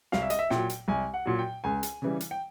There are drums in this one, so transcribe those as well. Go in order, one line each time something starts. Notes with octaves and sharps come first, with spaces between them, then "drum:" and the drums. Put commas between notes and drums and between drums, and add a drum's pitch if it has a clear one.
C2 F5, drum: snare
E5
D#5, drum: hi-hat
E5
A#2 F#3 G5, drum: snare
drum: hi-hat
C2 G#5
F#5
A#2 F#3
G5
C#2 G#5
drum: hi-hat
C#3 E3 G3
drum: hi-hat
G5